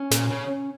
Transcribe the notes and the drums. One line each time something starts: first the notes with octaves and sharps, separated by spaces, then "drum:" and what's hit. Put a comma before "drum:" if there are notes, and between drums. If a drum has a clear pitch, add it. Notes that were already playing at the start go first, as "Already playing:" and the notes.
Already playing: C#4
A#2, drum: snare
C#3